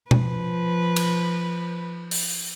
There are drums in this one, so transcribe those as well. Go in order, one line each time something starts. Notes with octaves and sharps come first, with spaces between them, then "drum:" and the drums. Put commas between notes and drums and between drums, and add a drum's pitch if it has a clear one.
F3 B4, drum: tom B2
drum: cymbal
drum: open hi-hat